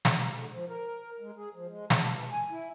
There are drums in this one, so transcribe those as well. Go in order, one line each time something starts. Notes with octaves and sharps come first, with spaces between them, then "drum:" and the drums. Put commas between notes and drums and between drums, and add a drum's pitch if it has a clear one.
drum: snare
A#5
D3
F3
A#4
G#3
G#4
F3
G#3
A5, drum: snare
E3
G#5
E4